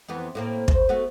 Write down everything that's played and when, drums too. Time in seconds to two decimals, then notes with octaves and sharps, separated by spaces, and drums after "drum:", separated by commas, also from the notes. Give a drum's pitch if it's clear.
0.08 F2 E3 B3
0.35 A2 A#3 C4
0.68 C5, drum: kick
0.89 A3 B3 F#4